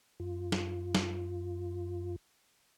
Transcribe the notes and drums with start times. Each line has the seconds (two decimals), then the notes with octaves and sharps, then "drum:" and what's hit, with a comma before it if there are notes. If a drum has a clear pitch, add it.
0.20 F#2 F4
0.52 drum: snare
0.95 drum: snare